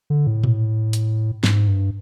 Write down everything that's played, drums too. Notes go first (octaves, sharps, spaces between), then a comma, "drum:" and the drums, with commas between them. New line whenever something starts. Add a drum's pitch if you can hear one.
D3
A2
drum: tom A#2
drum: hi-hat
G#2, drum: snare
G2